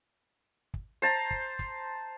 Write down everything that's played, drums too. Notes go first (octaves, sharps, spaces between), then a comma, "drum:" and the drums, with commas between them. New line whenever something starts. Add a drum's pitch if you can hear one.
drum: kick
C5 A5 A#5
drum: kick
drum: kick, hi-hat